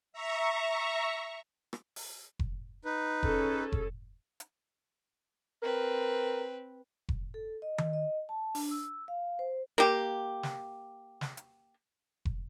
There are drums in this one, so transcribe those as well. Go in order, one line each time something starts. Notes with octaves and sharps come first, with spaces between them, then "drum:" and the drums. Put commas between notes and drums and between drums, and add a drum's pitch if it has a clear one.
E5 A#5 C#6
drum: rim click
drum: open hi-hat
drum: kick F1
D#4 B4
C#4 G#4 A4, drum: kick F1
drum: kick F1
drum: hi-hat
C4 A#4 B4
drum: kick F1
A4
D#5
drum: tom D#3
D#5
A5
D4, drum: open hi-hat
E6
F5
C5
A#3 G4
drum: snare
drum: snare
drum: hi-hat
drum: kick F1